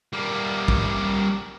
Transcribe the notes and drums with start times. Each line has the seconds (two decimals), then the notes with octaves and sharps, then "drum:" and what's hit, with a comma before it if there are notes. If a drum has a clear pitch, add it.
0.13 G3 A#3
0.68 drum: kick